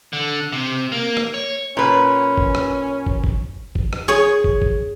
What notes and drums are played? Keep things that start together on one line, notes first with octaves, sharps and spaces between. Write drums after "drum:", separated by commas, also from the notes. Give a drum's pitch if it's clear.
D3
C3
A#3
drum: rim click
C#5
A#2 C#4 B4
drum: kick
drum: rim click
drum: kick
drum: kick
drum: kick
drum: rim click
G#4 C#5 G#5
drum: kick
drum: kick